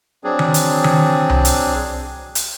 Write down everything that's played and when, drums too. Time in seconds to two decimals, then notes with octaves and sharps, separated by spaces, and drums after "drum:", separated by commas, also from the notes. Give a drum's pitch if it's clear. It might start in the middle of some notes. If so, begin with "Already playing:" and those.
0.24 F#3 C4 D4 G#4
0.39 drum: tom D#3
0.54 drum: hi-hat
0.84 drum: tom D#3
1.30 drum: tom C2
1.45 drum: hi-hat
2.35 drum: hi-hat